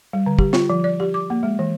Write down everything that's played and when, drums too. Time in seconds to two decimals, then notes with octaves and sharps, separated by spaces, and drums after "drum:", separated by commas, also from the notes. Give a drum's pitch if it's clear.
0.13 G3
0.26 D3
0.39 G4, drum: kick
0.53 F4, drum: snare
0.70 F3
0.84 D5
1.00 G4
1.14 D6
1.30 A#3
1.43 G#3
1.59 E3